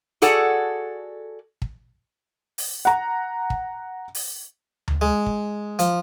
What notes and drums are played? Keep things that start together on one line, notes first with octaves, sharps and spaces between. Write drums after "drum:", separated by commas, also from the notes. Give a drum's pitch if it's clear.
F#4 G#4 A4 D5 F#5, drum: hi-hat
drum: kick
drum: open hi-hat
F#5 A#5
drum: kick
drum: open hi-hat
drum: tom D2
G#3
drum: kick
F3, drum: hi-hat